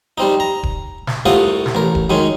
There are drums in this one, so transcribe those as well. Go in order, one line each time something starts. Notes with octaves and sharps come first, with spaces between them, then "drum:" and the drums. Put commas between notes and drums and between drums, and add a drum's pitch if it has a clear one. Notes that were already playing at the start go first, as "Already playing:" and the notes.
G3 C4 D#4
A#5
drum: kick D#1
drum: snare
C2 C3 A3 F4 F#5 D#6
drum: snare
A1 A#4
drum: kick D#1
F#2 D#3 G#3 C#4